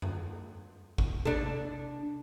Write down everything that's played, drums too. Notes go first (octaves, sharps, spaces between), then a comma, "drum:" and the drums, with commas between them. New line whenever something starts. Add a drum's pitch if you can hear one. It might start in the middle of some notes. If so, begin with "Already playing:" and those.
drum: tom F#2
drum: kick G#1
D4 A4, drum: tom C3